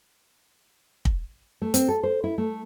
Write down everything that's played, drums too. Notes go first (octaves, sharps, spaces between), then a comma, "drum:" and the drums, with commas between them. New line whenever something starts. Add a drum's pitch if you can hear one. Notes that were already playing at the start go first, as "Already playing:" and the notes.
drum: kick
A3
C4, drum: hi-hat
A4
C5
E4
A3